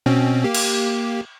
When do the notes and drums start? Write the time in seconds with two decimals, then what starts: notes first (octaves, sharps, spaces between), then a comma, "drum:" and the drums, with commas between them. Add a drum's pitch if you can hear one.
0.06 B2 C4 C#4
0.44 A#3 G4
0.54 drum: cymbal